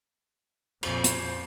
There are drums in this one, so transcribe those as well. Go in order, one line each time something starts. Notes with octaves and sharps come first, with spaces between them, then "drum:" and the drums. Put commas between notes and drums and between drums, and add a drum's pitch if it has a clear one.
A#1 F2 C5, drum: cymbal
drum: hi-hat